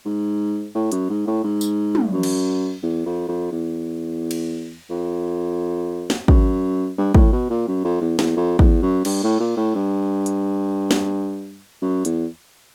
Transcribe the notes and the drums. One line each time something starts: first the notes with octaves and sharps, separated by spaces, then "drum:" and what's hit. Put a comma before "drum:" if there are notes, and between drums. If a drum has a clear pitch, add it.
G#2
A2
F#2, drum: hi-hat
G#2
A2
G#2
drum: tambourine
drum: tom
F#2
drum: cymbal
E2
F2
F2
E2
drum: cymbal
F2
drum: snare
F#2, drum: kick
G2
A2, drum: kick
B2
A#2
F#2
F2
E2
E2, drum: snare
F2
E2, drum: kick
F#2
G2, drum: cymbal
A2
A#2
A2
G2
drum: hi-hat
drum: snare
F#2
E2, drum: hi-hat